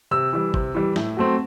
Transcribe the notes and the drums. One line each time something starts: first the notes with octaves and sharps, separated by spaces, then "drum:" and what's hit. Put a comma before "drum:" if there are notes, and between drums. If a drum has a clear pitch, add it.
C3 E6
E3 G3
C3, drum: kick
E3 G3
A2, drum: snare
F#3 A3 C4